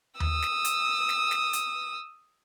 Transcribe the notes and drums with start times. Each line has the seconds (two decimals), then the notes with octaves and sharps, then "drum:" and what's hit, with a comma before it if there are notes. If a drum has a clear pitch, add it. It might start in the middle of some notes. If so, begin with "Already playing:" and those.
0.20 D#6 E6, drum: tom D#2
0.42 drum: snare
0.65 drum: hi-hat
1.09 drum: snare
1.31 drum: snare
1.53 drum: hi-hat